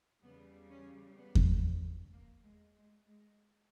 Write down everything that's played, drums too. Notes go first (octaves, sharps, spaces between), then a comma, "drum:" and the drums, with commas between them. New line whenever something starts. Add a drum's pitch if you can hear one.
E2 C#3 G3 B3
C#4
B3
drum: kick E2
A#3
G#3
G#3
G#3